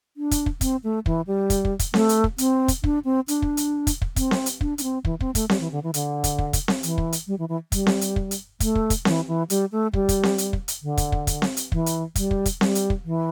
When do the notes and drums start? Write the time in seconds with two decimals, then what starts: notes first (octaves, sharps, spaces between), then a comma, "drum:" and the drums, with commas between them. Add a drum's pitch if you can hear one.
0.17 D4
0.31 drum: kick, hi-hat
0.46 drum: kick
0.61 C4, drum: kick, hi-hat
0.84 A3
1.06 E3, drum: kick
1.27 G3
1.50 drum: kick, hi-hat
1.65 drum: kick
1.79 drum: kick, hi-hat
1.94 A3, drum: snare C4
2.09 drum: hi-hat
2.24 drum: kick
2.38 C4, drum: hi-hat
2.68 drum: kick, hi-hat
2.84 D4, drum: kick
3.05 C4
3.28 D4, drum: hi-hat
3.42 drum: kick
3.57 drum: hi-hat
3.87 drum: kick, hi-hat
4.02 drum: kick
4.16 C4, drum: kick, hi-hat
4.31 drum: snare C4
4.46 drum: hi-hat
4.61 D4, drum: kick
4.78 D4, drum: hi-hat
4.83 C4
5.05 E3, drum: kick
5.20 C4, drum: kick
5.35 A3, drum: kick, hi-hat
5.49 G3, drum: snare C4
5.60 E3
5.72 D3
5.83 E3
5.94 D3, drum: hi-hat
6.24 drum: kick, hi-hat
6.38 drum: kick
6.53 drum: kick, hi-hat
6.68 drum: snare C4
6.83 E3, drum: hi-hat
6.98 drum: kick
7.12 drum: hi-hat
7.27 G3
7.39 E3
7.49 E3
7.72 G3, drum: kick, hi-hat
7.87 drum: snare C4
8.01 drum: hi-hat
8.16 drum: kick
8.31 drum: hi-hat
8.60 A3, drum: kick, hi-hat
8.75 drum: kick
8.90 drum: kick, hi-hat
9.05 E3, drum: snare C4
9.28 E3
9.50 G3, drum: hi-hat
9.72 A3
9.93 G3, drum: kick
10.09 drum: kick, hi-hat
10.23 drum: snare C4
10.38 drum: hi-hat
10.53 drum: kick
10.68 drum: hi-hat
10.82 D3
10.97 drum: kick, hi-hat
11.12 drum: kick
11.27 drum: kick, hi-hat
11.42 drum: snare C4
11.57 drum: hi-hat
11.72 E3, drum: kick
11.86 drum: hi-hat
12.15 G3, drum: kick, hi-hat
12.31 drum: kick
12.46 drum: kick, hi-hat
12.61 G3, drum: snare C4
12.75 drum: hi-hat
12.90 drum: kick
13.05 E3